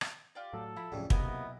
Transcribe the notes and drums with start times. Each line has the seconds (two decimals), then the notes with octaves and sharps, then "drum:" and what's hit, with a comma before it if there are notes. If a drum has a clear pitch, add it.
0.01 drum: rim click
0.35 F4 G4 D5
0.53 A2 F#3 A4
0.76 F3 E4 B5
0.92 D1 F2 A2 C#3 F#3 G3
1.10 B1 C3 A#3 B3 E4 A#4 D#5, drum: kick